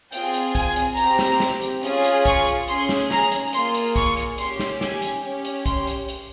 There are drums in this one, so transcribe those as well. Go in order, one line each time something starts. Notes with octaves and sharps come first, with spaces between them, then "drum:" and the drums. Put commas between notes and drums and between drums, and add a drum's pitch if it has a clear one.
C4 F4 G#4 G5, drum: hi-hat
drum: hi-hat
G#5, drum: kick, hi-hat
drum: hi-hat
C4 G4 A#5, drum: hi-hat
drum: snare
drum: snare
drum: hi-hat
C#4 F4 G#4, drum: hi-hat
drum: hi-hat
C#6, drum: kick, hi-hat
drum: hi-hat
C#4 G#4 C6, drum: hi-hat
drum: snare
A#5, drum: snare
drum: hi-hat
A#3 F4 G#4 C6, drum: hi-hat
drum: hi-hat
C#6, drum: kick, hi-hat
drum: hi-hat
C#4 G4 C6, drum: hi-hat
drum: snare
G#5, drum: snare
drum: hi-hat
C#4 G4
drum: hi-hat
C6, drum: kick, hi-hat
drum: hi-hat
drum: hi-hat